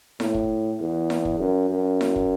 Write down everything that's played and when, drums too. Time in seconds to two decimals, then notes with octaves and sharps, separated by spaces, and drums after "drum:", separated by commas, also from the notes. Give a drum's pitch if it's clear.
0.20 A2, drum: snare E4
0.34 drum: kick
0.80 E2
1.10 drum: snare E4
1.25 drum: kick
1.40 F#2
1.70 F#2
2.01 drum: snare E4
2.16 drum: kick